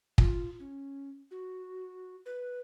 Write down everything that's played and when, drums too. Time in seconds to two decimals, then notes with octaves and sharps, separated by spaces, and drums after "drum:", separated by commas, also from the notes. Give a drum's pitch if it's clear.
0.18 F4, drum: kick
0.59 C#4
1.31 F#4
2.26 B4